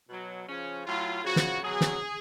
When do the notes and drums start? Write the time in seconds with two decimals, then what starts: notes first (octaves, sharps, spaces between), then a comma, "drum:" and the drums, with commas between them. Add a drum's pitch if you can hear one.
0.09 B2 F#3
0.48 C#3 F3 C#4
0.86 A2 F#3 F4
1.24 C#3 F3 F#4
1.36 drum: snare
1.63 B2 F#3 G#4
1.81 drum: snare